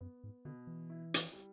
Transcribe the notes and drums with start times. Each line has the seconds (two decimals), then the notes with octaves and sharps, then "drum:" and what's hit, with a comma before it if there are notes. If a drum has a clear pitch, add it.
0.01 F#2 B3
0.24 G#2
0.45 B2 D3
0.67 E3
0.90 E4
1.14 drum: hi-hat
1.33 G3